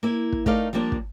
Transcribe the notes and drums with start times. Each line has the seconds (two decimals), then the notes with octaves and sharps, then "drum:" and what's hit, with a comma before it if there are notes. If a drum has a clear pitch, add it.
0.03 A#3 E4
0.32 drum: kick
0.46 A3 D#4 A#4 D5 F5, drum: kick
0.73 F3 G3 A#3 C#4 D4
0.92 drum: kick